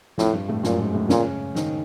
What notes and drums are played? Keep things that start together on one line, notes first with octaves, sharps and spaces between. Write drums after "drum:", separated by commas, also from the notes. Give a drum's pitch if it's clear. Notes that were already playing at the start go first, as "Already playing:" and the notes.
F2 A2 F3, drum: snare
G2 G3
A2 A3
F#2 A#2 F#3, drum: snare
G#2 G#3
A2 A3
A#2 C#3 C#4, drum: snare
D#3 D#4, drum: snare